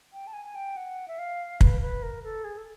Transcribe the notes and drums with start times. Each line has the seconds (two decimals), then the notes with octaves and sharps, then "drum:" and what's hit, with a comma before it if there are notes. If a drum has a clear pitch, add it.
0.13 G5
0.27 A5
0.33 G#5
0.45 G#5
0.55 G5
0.77 F#5
1.08 E5
1.19 F5
1.61 B4, drum: kick
1.81 B4
2.03 A#4
2.23 A4
2.44 G#4
2.57 A4